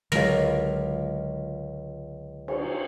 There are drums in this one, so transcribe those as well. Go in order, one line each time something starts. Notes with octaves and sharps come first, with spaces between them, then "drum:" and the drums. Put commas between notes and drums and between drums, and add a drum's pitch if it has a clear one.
C#2 D3 F#3 G#3 A#4, drum: rim click
drum: cymbal